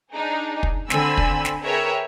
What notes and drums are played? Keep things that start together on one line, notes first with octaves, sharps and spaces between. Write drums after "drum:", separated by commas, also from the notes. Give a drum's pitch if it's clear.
D4 D#4 G#4
drum: kick
D3 C4 G#5 B5 E6, drum: snare
drum: kick
drum: snare
G#4 A#4 B4 C#5 E5 G5